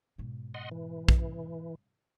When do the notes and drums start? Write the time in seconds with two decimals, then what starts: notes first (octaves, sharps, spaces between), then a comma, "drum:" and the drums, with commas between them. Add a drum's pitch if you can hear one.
0.18 G#2 B2
0.54 D#5 F#5 C6
0.71 E3
1.08 drum: kick